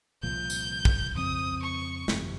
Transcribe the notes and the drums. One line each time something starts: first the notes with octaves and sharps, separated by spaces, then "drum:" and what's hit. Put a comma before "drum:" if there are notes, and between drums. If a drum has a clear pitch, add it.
C2 A#2 F3 G6
drum: tambourine
drum: kick
F2 C#3 F3 C4 D#6
C#6
G1 F2 C3, drum: snare